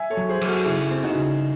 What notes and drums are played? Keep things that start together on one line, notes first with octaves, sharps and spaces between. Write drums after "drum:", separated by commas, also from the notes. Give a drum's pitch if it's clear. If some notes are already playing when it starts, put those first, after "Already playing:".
Already playing: E5 G#5
A4 C#5
F#3
G#4 C5
F#3, drum: cymbal
F#4 A4
C#3 E4 G#4
C4
D#4 F#4
C#3